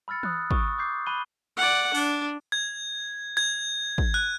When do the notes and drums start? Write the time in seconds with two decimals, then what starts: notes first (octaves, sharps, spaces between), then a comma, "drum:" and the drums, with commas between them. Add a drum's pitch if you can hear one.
0.08 B5 E6 F6 A6 C#7
0.23 D#6 F#6, drum: tom E3
0.51 C#6 D#6, drum: kick
0.78 D6 G6 C7
1.06 B5 F#6 D#7 G7
1.57 D5 F#5
1.95 D4, drum: open hi-hat
2.52 G#6
3.37 G#6
3.98 drum: kick
4.14 F#6